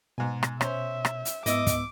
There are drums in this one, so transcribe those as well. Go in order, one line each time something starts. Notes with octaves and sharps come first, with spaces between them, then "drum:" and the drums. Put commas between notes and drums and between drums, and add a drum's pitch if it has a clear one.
G#2 B2 G#5
drum: rim click
C#4 C5 E5, drum: rim click
drum: rim click
drum: hi-hat
G#2 B3 E4 D#5 D6 E6, drum: hi-hat
drum: kick, hi-hat